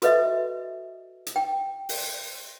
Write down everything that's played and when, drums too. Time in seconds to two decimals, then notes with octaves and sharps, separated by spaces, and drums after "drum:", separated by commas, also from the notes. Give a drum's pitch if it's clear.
0.02 F#4 A4 B4 D#5 E5, drum: hi-hat
1.27 drum: hi-hat
1.36 G5
1.89 drum: open hi-hat